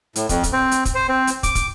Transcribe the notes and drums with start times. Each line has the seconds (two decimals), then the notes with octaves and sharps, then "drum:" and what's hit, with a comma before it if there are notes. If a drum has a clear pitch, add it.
0.16 A2, drum: hi-hat
0.29 F2, drum: kick, hi-hat
0.43 drum: kick, hi-hat
0.53 C4
0.71 drum: hi-hat
0.85 drum: kick, hi-hat
0.95 C5
1.08 C4
1.27 drum: hi-hat
1.43 D6, drum: kick, hi-hat
1.55 drum: kick, hi-hat